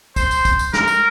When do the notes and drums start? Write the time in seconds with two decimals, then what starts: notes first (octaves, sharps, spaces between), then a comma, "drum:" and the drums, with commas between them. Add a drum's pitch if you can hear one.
0.16 C5, drum: kick, tambourine
0.31 drum: tambourine
0.45 drum: kick, tambourine
0.59 drum: tambourine
0.73 A#4, drum: snare
0.88 drum: tambourine